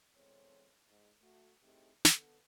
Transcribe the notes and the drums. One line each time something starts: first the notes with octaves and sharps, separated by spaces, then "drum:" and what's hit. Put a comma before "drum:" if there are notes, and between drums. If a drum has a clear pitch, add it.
E2 G#3 C4 A4 C#5
G#2
A3 F#4
A3 C4 D#4 E4 G4 G#4
D3 B3 A4, drum: snare